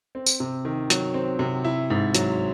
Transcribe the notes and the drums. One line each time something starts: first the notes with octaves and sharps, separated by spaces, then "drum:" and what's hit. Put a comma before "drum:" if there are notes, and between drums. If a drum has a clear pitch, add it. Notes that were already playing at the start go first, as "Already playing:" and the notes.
C4
drum: tambourine
C3
D#3
F#3, drum: hi-hat
C4
C3
E4
G#2
F#3, drum: hi-hat